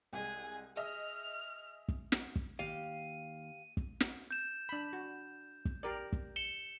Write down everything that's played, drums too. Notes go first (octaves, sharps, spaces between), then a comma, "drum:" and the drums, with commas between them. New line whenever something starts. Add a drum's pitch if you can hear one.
C2 G#3 G#4
G#4 D#5 E5 F6
drum: kick
drum: snare
drum: kick
D#2 G4 F5 D#7
drum: kick
drum: snare
G6 E7
D4 B5
F#4
drum: kick
G4 A#4 D5
drum: kick
C#7 E7 G7